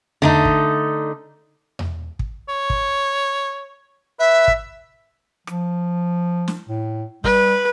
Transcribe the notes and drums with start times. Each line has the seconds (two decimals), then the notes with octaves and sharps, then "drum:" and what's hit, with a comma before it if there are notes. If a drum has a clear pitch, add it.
0.22 D3 A3 D#4, drum: tom E2
0.45 drum: kick
1.79 drum: tom E2
2.19 drum: kick
2.49 C#5
2.70 drum: kick
4.19 B4 E5
4.48 drum: kick
5.47 F3, drum: rim click
6.48 drum: snare
6.69 A2
7.24 G3 B4, drum: kick